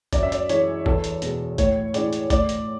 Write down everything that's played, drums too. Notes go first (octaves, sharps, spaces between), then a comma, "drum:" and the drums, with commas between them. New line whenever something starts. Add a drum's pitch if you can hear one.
F#2 D5, drum: kick G1, hi-hat
E5
D5, drum: hi-hat
E3 G#3 C#5, drum: hi-hat
E2 A4, drum: kick G1
drum: hi-hat
B2 G#3, drum: hi-hat
A2 C#5, drum: kick G1, hi-hat
E3 G#3 D5, drum: hi-hat
drum: hi-hat
A2 D5, drum: kick G1, hi-hat
drum: hi-hat